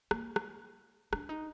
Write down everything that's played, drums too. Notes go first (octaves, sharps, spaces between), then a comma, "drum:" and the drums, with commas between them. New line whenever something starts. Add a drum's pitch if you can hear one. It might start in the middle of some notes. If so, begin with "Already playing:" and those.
A#3, drum: rim click
drum: rim click
D4, drum: rim click
D#4